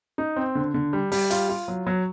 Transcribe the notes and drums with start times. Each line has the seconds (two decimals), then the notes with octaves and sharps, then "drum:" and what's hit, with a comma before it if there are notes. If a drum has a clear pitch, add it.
0.18 D#4
0.36 C4
0.55 D3
0.74 D3
0.93 G3
1.12 G3, drum: open hi-hat
1.30 F4, drum: hi-hat
1.49 F4
1.68 F#3
1.87 F#3